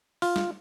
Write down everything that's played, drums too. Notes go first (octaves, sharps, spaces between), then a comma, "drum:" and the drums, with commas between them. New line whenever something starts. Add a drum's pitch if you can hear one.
F4, drum: open hi-hat
drum: snare